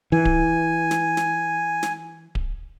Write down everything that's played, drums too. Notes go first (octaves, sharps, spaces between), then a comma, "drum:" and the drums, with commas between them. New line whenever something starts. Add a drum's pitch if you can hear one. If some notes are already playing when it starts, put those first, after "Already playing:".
E3 G#5
drum: kick D1
drum: snare
drum: snare
drum: snare
drum: kick D1